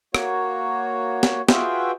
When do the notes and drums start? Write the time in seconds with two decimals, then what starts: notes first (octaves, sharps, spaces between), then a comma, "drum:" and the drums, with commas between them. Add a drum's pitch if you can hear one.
0.15 A#3 F#4 C#5, drum: rim click
1.23 drum: snare
1.49 F4 F#4 G#4 B4 E5 G5, drum: snare